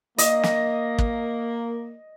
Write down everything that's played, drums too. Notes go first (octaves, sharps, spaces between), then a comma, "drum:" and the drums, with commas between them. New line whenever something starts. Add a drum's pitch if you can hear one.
A#3 D#5, drum: hi-hat
drum: snare
drum: kick